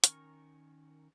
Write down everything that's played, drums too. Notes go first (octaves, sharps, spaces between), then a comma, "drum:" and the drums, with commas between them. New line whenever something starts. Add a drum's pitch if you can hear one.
D#3 C#4 A#4 C#6, drum: hi-hat